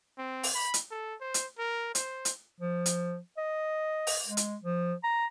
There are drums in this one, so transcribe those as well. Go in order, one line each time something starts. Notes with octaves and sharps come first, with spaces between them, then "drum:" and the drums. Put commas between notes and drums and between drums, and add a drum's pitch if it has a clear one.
C4
drum: open hi-hat
B5
drum: hi-hat
A4
C5
drum: hi-hat
A#4
C5, drum: hi-hat
drum: hi-hat
F3
drum: hi-hat
D#5
drum: open hi-hat
G#3
drum: hi-hat
F3
A#5